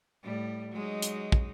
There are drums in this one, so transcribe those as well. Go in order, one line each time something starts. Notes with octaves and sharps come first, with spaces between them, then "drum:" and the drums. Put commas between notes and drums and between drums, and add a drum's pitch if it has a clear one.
A2 G3
F#3 G#3 D#4
drum: hi-hat
drum: kick